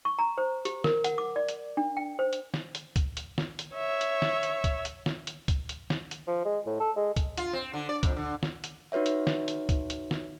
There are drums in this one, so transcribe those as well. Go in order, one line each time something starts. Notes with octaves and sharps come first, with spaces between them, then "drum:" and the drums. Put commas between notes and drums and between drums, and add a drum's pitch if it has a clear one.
C#6
A#5
C5
G4, drum: hi-hat
A#4, drum: snare
F#5, drum: hi-hat
D6
D5
drum: hi-hat
D4
G5
C5
drum: hi-hat
drum: snare
drum: hi-hat
drum: kick C2, hi-hat
drum: hi-hat
drum: snare
drum: hi-hat
C#5 E5
drum: hi-hat
drum: snare
drum: hi-hat
drum: kick C2, hi-hat
drum: hi-hat
drum: snare
drum: hi-hat
drum: kick C2, hi-hat
drum: hi-hat
drum: snare
drum: hi-hat
F3
G#3
A2
A4
G#3
drum: kick C2, hi-hat
F4, drum: hi-hat
C4
D3
D5
F2, drum: kick C2, hi-hat
D3
drum: snare
drum: hi-hat
D#4 F#4 B4 C#5 E5
drum: hi-hat
drum: snare
drum: hi-hat
drum: kick C2, hi-hat
drum: hi-hat
drum: snare